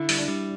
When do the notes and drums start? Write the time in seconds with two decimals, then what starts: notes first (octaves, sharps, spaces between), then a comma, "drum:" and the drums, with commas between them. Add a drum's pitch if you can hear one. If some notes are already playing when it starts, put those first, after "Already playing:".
Already playing: D3 E4
0.09 G3, drum: open hi-hat
0.18 D4
0.28 G3